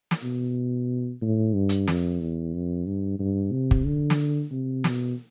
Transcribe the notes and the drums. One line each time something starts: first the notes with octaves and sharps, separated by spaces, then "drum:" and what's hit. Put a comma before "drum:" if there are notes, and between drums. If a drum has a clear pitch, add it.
drum: snare
B2
A2
G2
drum: hi-hat
F2, drum: snare
E2
F2
G2
G2
C3
drum: kick
D3
drum: snare
C3
B2, drum: snare